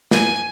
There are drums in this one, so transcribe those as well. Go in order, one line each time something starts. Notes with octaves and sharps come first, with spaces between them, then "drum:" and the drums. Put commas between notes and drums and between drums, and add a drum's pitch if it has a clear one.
G#5, drum: snare